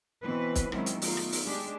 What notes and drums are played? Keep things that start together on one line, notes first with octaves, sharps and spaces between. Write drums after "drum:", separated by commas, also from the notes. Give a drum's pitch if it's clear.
B2 E3 C4 B4
drum: kick, hi-hat
D#3 F#3 G#3 C4 C#4 E4, drum: rim click
drum: hi-hat
A3 B3 D#4 F4, drum: open hi-hat
drum: rim click
drum: open hi-hat
G#3 D4 G4